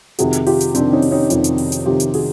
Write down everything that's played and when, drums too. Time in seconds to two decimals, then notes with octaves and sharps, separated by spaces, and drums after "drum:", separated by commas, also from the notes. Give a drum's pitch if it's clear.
0.19 F2 C3 D#3 F#4 G#4, drum: hi-hat
0.33 drum: hi-hat
0.47 F4 G4, drum: open hi-hat
0.61 drum: hi-hat
0.75 F2 C3 D#3 C4 D4, drum: hi-hat
0.93 C#4 D#4
1.02 drum: open hi-hat
1.11 C#4 D#4
1.30 F2 C3 D#3, drum: hi-hat
1.44 drum: hi-hat
1.58 drum: open hi-hat
1.72 drum: hi-hat
1.86 F2 C3 D#3 F4 G4
2.00 drum: hi-hat
2.14 F#4 G#4, drum: open hi-hat